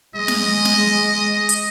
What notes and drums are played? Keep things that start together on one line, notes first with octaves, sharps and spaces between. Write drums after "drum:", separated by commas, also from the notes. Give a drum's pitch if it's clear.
G#3 D#5
drum: snare
drum: snare
drum: hi-hat